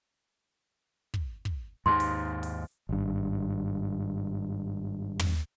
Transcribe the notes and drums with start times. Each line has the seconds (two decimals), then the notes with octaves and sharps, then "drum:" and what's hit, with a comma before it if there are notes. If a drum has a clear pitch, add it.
1.14 drum: kick
1.45 drum: kick
1.86 D#2 G#2 C6
2.00 drum: open hi-hat
2.43 drum: open hi-hat
2.89 G#1 G2
5.19 drum: tom